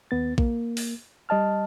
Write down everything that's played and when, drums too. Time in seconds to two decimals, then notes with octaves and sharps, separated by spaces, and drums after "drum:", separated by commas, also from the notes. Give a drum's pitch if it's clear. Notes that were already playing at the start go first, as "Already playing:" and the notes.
0.11 D#2 B3 A6
0.38 A#3, drum: kick A#1
0.77 drum: open hi-hat
1.29 G3 D#5 A5 F6